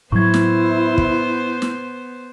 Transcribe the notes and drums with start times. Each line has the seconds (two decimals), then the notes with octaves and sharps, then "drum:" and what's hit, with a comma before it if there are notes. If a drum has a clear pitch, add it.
0.12 A2 F#3 B3 E4 C5 C#6 G#6
0.34 drum: snare
0.98 drum: kick
1.62 drum: snare